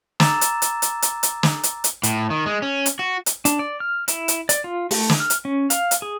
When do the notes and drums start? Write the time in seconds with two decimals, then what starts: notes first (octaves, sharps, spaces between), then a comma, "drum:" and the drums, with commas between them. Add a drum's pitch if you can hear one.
0.20 A#5 D6 E6 A6 E7, drum: snare
0.41 drum: hi-hat
0.62 drum: hi-hat
0.82 drum: hi-hat
1.02 drum: hi-hat
1.23 drum: hi-hat
1.43 drum: snare
1.63 drum: hi-hat
1.84 drum: hi-hat
2.03 A2, drum: hi-hat
2.30 D#3
2.46 G#3
2.62 C#4
2.86 drum: hi-hat
2.99 F#4
3.26 drum: hi-hat
3.45 D4, drum: hi-hat
3.59 D5
3.80 F6
4.08 E4, drum: hi-hat
4.28 drum: hi-hat
4.49 D5, drum: hi-hat
4.64 F4
4.91 A3, drum: open hi-hat
5.10 drum: snare
5.20 F6
5.30 drum: hi-hat
5.45 C#4
5.70 F5, drum: hi-hat
5.91 drum: hi-hat
6.02 G#4